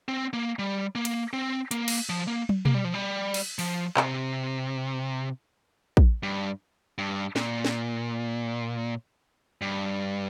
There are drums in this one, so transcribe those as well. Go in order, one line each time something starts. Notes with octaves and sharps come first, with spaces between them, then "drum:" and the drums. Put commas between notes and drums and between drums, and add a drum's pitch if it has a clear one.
C4
A#3
G3
A#3
drum: cymbal
C4
A#3, drum: hi-hat
drum: cymbal
F3
A#3
drum: tom
A#3, drum: tom B2
G3
F3
G3
drum: cymbal
F3, drum: open hi-hat
C3, drum: clap
drum: kick
G2
G2
A#2, drum: snare
drum: snare
G2